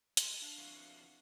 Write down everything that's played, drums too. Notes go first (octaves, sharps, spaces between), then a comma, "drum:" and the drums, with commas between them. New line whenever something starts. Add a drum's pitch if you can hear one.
G3 G#3 C6, drum: hi-hat
D4 F5
F2 E3 F#4